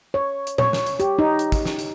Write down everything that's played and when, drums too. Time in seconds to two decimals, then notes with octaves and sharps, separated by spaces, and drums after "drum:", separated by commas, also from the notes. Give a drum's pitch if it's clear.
0.14 C#5
0.47 drum: hi-hat
0.58 C#5, drum: tom A#2
0.73 drum: snare
0.86 drum: hi-hat
1.00 G4, drum: hi-hat
1.19 D#4
1.39 drum: hi-hat
1.52 drum: kick, hi-hat
1.65 drum: snare
1.79 drum: hi-hat